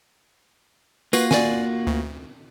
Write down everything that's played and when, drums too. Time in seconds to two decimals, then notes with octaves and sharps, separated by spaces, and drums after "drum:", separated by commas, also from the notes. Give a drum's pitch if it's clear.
1.13 A#3 F4 F#4 B4, drum: tambourine
1.31 D5 G#5, drum: snare
1.87 D2